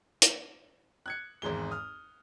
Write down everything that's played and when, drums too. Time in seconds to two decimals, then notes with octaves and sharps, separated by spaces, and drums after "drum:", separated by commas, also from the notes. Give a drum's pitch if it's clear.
0.22 drum: hi-hat
1.06 F#6 G#6 C#7
1.42 G#1 E2 G#2 G#3 G7
1.71 D#6 F6